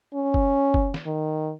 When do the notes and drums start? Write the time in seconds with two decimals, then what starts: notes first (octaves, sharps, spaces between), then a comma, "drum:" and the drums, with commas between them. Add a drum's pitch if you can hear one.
0.14 C#4
0.34 drum: kick
0.74 drum: kick
0.94 drum: snare
1.06 D#3